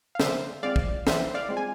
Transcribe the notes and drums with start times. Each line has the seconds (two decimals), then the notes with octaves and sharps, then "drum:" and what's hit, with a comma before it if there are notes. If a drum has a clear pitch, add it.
0.15 F5
0.20 D3 C5 E5, drum: snare
0.63 G#3 C4 F4 D5 F5
0.76 drum: kick
1.07 E3 C5 E5, drum: snare
1.34 D5 F5
1.49 G#3 C4 F4
1.57 G#5